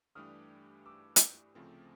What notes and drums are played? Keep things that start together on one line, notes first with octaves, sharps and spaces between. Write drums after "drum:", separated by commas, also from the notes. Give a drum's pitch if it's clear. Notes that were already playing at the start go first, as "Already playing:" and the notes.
G2 E3 A3 D4 G4 D#6 F6
D6 E6
drum: hi-hat
D2 C#3 F3 A3 C4